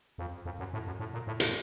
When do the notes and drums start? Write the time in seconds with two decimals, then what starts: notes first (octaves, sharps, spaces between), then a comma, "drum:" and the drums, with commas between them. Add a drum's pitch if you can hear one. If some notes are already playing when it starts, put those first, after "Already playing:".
0.18 F2
0.45 F2
0.59 F#2
0.73 A2
0.87 F#2
1.00 A2
1.13 A#2
1.27 A2
1.40 drum: hi-hat